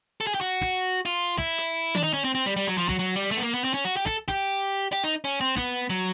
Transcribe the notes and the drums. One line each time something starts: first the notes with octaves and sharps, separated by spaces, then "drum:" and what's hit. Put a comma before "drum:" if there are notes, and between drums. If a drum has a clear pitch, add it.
A4
G#4
G4
F#4
drum: snare
F4
E4, drum: kick
drum: hi-hat
D4, drum: tom D#3
D#4
C#4
C4
C4
G3
G3
F#3, drum: hi-hat
F3
F#3, drum: kick
F#3
G3
A3
B3
A#3
B3
C4
C#4
F#4
G4
A4, drum: snare
G4, drum: snare
G4
D#4
C#4
C4
B3, drum: snare
F#3